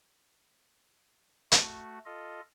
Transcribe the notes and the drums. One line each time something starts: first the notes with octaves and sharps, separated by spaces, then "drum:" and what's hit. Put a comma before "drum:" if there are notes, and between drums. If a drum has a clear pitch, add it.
A3 F#4, drum: hi-hat
F4 A4 D#5